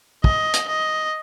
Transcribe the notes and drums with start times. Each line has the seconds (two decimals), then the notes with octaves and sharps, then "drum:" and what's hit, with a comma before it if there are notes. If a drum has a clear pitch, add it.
0.24 D#5, drum: kick
0.54 drum: hi-hat
0.68 D#5